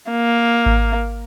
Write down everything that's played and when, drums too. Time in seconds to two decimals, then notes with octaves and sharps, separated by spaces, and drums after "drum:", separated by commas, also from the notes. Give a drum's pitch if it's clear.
0.11 A#3
0.66 drum: kick G#1